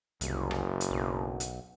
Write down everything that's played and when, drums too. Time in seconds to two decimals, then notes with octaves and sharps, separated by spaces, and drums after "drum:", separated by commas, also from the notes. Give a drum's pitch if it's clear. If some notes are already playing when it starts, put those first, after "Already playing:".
0.21 F#1 C2, drum: hi-hat
0.51 drum: rim click
0.81 drum: hi-hat
0.91 B1
1.40 drum: hi-hat